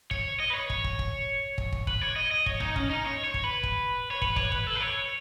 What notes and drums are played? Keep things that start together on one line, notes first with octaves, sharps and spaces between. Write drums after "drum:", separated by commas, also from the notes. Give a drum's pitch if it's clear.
C#5, drum: kick
D#5
B4
C#5
drum: kick
drum: kick
drum: kick
drum: kick
drum: kick
B4, drum: kick
C#5
D#5
D#5
C#5, drum: kick
D#4, drum: kick
C#4, drum: kick
D#4
C#5
C#5
drum: kick
B4
drum: kick
C#5
B4, drum: kick
C#5, drum: kick
B4, drum: kick
A4
B4
C#5